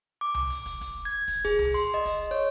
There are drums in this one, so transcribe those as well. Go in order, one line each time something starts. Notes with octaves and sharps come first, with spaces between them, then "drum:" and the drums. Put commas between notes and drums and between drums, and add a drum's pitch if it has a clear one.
D6
drum: tom C2
drum: hi-hat
drum: kick, hi-hat
drum: kick, hi-hat
G#6
drum: kick, hi-hat
G#4, drum: kick, hi-hat
drum: tom C2
C6, drum: hi-hat
D#5
drum: kick, hi-hat
C#5